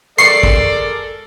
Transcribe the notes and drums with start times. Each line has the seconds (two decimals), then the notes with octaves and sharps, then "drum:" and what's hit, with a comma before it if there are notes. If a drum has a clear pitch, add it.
0.18 G#3 A4 A#4 D5 C#6 C7, drum: rim click
0.43 drum: kick